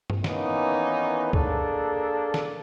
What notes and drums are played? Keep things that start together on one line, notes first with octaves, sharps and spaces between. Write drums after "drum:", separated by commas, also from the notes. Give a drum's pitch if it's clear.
drum: tom G2
D#3 E3 A#3 B3 C#4 D#4, drum: snare
A#3 D4 G#4 A4, drum: kick
drum: snare